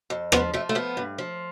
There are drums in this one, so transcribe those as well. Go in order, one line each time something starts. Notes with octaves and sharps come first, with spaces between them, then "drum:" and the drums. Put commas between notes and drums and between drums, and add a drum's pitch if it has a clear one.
F2
F3 B3, drum: rim click
F3 A3
A3
F3 B3
G2
F3